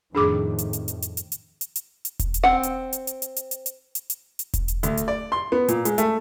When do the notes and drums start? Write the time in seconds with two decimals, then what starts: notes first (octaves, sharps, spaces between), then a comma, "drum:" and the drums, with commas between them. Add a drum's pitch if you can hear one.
0.15 F2 A2 D#3 D4 G#4 D6
0.58 drum: hi-hat
0.73 drum: hi-hat
0.88 drum: hi-hat
1.02 drum: hi-hat
1.17 drum: hi-hat
1.32 drum: hi-hat
1.61 drum: hi-hat
1.76 drum: hi-hat
2.05 drum: hi-hat
2.19 drum: kick E1, hi-hat
2.34 drum: hi-hat
2.44 C4 F#5
2.63 drum: hi-hat
2.93 drum: hi-hat
3.07 drum: hi-hat
3.22 drum: hi-hat
3.36 drum: hi-hat
3.51 drum: hi-hat
3.66 drum: hi-hat
3.95 drum: hi-hat
4.10 drum: hi-hat
4.39 drum: hi-hat
4.54 drum: kick E1, hi-hat
4.68 drum: hi-hat
4.83 D2, drum: hi-hat
4.97 drum: hi-hat
5.08 D5
5.32 C6
5.52 B3
5.68 A#2, drum: hi-hat
5.85 G#3, drum: hi-hat
5.98 A3, drum: hi-hat